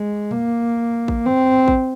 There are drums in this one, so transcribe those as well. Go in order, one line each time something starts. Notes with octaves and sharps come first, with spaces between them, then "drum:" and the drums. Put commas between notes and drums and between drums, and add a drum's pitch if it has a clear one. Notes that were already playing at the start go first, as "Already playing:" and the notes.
Already playing: G#3
A#3, drum: tom A#2
drum: kick A1
C4, drum: tom
drum: kick A1